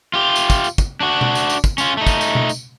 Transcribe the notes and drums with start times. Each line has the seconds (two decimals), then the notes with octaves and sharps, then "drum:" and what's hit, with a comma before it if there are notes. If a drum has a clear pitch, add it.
0.14 F4 G4
0.36 drum: tambourine
0.50 drum: kick, tambourine
0.64 drum: tambourine
0.78 drum: kick, tambourine
1.00 D4 F#4
1.21 drum: tom B2
1.35 drum: tambourine
1.50 drum: tambourine
1.64 drum: kick, tambourine
1.78 C#4 F4, drum: tambourine
1.97 A3 D#4
2.07 drum: kick, tambourine
2.21 drum: tambourine
2.35 drum: tom B2
2.49 drum: tambourine